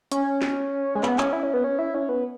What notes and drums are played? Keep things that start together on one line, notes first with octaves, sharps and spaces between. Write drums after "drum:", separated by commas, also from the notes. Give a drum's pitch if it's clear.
C#4, drum: hi-hat
drum: snare
G#3
B3, drum: clap
C#4, drum: clap
E4
C#4
B3
C#4
E4
C#4
B3